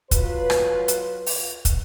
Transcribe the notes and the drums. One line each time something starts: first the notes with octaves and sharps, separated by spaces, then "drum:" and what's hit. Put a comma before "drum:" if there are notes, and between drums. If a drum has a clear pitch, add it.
F#3 F4 B4, drum: kick, hi-hat
drum: rim click
drum: hi-hat
drum: open hi-hat
drum: kick, hi-hat